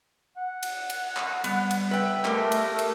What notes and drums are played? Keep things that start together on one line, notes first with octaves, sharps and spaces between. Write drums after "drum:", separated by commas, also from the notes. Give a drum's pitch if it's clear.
F#5
drum: cymbal
drum: cymbal
drum: clap
G3 B3, drum: cymbal
drum: cymbal
B4 E5 G5
A3 G4 A#4, drum: clap
drum: cymbal
drum: cymbal